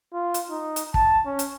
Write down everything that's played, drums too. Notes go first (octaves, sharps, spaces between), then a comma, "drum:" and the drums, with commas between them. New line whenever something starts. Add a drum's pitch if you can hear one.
F4
drum: hi-hat
D#4
drum: hi-hat
A5, drum: kick
C#4
drum: hi-hat